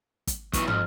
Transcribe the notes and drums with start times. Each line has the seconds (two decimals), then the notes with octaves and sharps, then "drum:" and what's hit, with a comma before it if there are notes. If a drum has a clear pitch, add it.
0.27 drum: kick, hi-hat
0.53 B1 E3 C#6, drum: kick, hi-hat
0.67 F2 F6, drum: tom